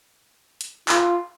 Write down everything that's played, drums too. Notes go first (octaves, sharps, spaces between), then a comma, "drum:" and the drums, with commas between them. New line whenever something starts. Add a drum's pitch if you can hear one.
drum: hi-hat
F4, drum: clap